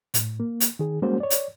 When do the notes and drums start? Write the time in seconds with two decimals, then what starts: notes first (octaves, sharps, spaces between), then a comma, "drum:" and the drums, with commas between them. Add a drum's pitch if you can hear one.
0.14 A2, drum: hi-hat
0.40 A#3
0.60 drum: hi-hat
0.79 D#3 G#4
1.02 G3 G#3 A#3 C#4 F#4 C5
1.20 C#5 D5
1.30 drum: hi-hat